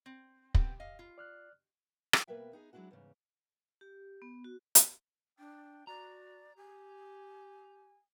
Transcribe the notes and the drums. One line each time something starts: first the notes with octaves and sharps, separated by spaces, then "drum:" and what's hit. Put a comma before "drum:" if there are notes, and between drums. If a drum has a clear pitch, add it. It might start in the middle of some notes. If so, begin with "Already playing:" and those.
C4
B3 C4 G4, drum: kick
D#5 F5
F4
D5 F6 F#6
drum: rim click
B2 A#3 B3 B4 E5 G5
B3 D#4 F#4 G#4
F#3 G#3 C#4 D4 E4 F#4
E2 G#2 C#3
G4
B3
F#4
drum: hi-hat
D4 G5
F#4 D5 A#5
G4 G#5